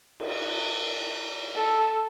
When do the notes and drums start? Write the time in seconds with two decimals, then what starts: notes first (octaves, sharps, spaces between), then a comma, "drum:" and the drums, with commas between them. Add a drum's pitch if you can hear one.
0.20 drum: cymbal
1.56 A4